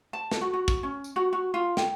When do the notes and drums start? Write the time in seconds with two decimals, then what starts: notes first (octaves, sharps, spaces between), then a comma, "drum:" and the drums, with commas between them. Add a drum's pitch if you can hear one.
0.13 A5
0.31 drum: snare
0.41 F#4
0.53 F#4
0.68 drum: kick, tambourine
0.83 C#4
1.04 drum: tambourine
1.16 F#4
1.33 F#4
1.54 F4
1.77 G5, drum: snare